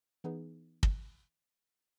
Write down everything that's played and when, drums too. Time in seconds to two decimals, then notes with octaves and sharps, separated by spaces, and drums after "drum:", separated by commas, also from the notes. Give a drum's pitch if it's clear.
0.24 E3 B3 D#4 G#4 B4
0.83 drum: kick